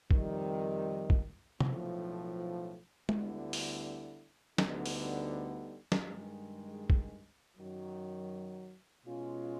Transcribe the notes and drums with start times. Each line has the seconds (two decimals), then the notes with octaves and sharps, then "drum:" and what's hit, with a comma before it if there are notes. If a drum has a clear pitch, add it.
0.11 F2 C3 D#3 G3, drum: kick
1.10 drum: kick
1.60 B1 A2 F3, drum: tom
3.09 D2 D3 G3 B3 E4, drum: tom
3.53 drum: open hi-hat
4.58 D2 D3 G3 B3 D#4, drum: snare
4.86 drum: open hi-hat
5.92 drum: snare
6.07 G2 D#3 G#3
6.90 drum: kick
7.57 F#2 D#3 F#3
9.05 B2 G#3 C#4 F4